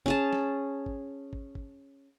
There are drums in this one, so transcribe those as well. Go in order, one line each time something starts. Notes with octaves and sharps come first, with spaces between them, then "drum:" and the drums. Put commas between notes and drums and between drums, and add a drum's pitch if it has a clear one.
C#4 G#4 A5, drum: kick
drum: snare
drum: kick
drum: kick
drum: kick